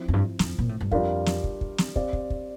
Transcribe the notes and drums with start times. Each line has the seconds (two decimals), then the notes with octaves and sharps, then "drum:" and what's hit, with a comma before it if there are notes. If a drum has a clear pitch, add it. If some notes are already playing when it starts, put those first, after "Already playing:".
Already playing: F3 C4 E4
0.08 F2
0.13 G2
0.39 F2, drum: snare
0.58 A#2, drum: kick
0.69 A2
0.81 G2
0.91 F2 G3 D4 F4 A#4 F5, drum: kick
1.26 drum: snare
1.44 drum: kick
1.61 drum: kick
1.78 drum: snare
1.96 C4 G4 D5 F5, drum: kick
2.13 drum: kick
2.30 drum: kick